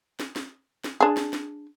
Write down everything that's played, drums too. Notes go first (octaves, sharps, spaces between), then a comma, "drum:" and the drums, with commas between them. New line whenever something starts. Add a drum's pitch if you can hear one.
drum: snare
drum: snare
drum: snare
D4 G#4
drum: snare
drum: snare